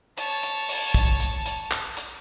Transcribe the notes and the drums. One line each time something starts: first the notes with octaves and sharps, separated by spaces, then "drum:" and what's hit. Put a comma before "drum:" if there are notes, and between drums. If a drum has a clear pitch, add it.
C#5 A5, drum: hi-hat
drum: hi-hat
drum: open hi-hat
drum: kick, hi-hat
drum: hi-hat
drum: hi-hat
drum: clap
drum: hi-hat